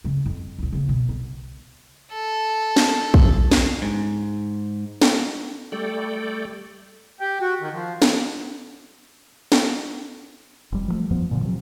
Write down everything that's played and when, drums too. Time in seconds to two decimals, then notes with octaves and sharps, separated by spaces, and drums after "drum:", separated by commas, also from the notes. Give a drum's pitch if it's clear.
0.04 C#3 A3
0.26 F2
0.59 D2 A2
0.72 C#3 A#3
0.89 B2
1.09 B1
2.13 A4
2.76 drum: snare
3.14 drum: kick
3.51 drum: snare
3.82 G#2
5.02 drum: snare
5.72 G3 A3 A4 D5 G5
7.20 G4
7.41 F#4
7.61 D#3
7.73 F3
8.02 drum: snare
9.52 drum: snare
10.72 F1 G3
10.88 F3 F#3 A3
11.11 F2 F3 B3
11.31 A#2 D3 F3
11.43 C3 F3 F#3